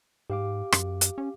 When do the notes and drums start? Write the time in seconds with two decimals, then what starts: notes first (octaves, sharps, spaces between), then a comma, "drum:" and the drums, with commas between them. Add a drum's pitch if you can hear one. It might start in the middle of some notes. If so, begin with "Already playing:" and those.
0.30 G#2 G4 F5 D6
0.72 F#2, drum: rim click
1.01 drum: hi-hat
1.18 C#4